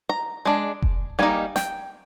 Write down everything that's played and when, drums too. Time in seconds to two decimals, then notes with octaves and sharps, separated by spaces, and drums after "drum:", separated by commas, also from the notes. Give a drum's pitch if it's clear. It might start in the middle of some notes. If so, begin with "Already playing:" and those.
0.09 A#5
0.45 G#3 D4
0.82 drum: kick F1
1.19 G3 A#3 D#4 G#5
1.56 G5, drum: snare